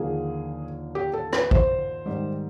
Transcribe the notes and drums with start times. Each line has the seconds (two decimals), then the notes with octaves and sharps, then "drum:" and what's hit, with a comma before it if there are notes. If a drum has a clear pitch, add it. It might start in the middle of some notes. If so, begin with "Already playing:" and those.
Already playing: D#2 D3 F3 A#3 G#4
0.95 G4
1.13 A4
1.33 B4, drum: rim click
1.51 C5, drum: kick A#1
2.06 G#2 D#3 G3